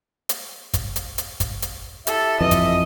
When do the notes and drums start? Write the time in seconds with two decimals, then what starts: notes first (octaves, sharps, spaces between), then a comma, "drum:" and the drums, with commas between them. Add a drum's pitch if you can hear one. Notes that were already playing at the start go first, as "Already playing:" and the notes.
0.29 drum: hi-hat
0.74 drum: kick, hi-hat
0.96 drum: hi-hat
1.18 drum: hi-hat
1.40 drum: kick, hi-hat
1.62 drum: hi-hat
2.07 E4 G4 A4 E5, drum: hi-hat
2.41 F2 E3 D#5
2.51 drum: kick, hi-hat